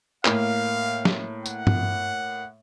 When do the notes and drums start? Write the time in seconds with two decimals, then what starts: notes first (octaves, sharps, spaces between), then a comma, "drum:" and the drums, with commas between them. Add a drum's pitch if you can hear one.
0.25 A2 A#3 F5, drum: clap
1.05 drum: snare
1.46 F#5, drum: tambourine
1.67 drum: tom